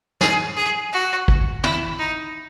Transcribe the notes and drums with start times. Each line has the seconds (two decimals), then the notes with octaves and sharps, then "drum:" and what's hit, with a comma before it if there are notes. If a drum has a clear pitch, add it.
0.21 G#4, drum: snare
0.57 G#4
0.93 F#4
1.28 drum: kick
1.63 E4, drum: tom
1.99 D#4